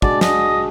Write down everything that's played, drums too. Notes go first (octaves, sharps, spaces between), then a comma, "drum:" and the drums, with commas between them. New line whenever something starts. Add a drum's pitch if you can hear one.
G#3 D4 F#4 D5, drum: kick
D#5, drum: snare